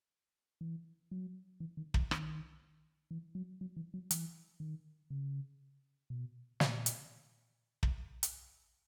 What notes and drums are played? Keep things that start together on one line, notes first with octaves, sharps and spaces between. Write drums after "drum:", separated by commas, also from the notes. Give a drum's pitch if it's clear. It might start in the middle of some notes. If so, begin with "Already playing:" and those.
E3
F#3
E3
D#3
E3, drum: kick
D#3, drum: rim click
E3
F#3
F#3
E3
F#3
E3, drum: hi-hat
D#3
C#3
B2
A#2, drum: snare
drum: hi-hat
drum: kick
drum: hi-hat